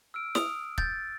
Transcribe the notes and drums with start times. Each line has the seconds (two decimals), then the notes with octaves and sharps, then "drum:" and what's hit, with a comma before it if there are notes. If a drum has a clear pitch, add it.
0.14 E6 F6 D7
0.35 D#6 F7, drum: snare
0.78 G6 A6, drum: kick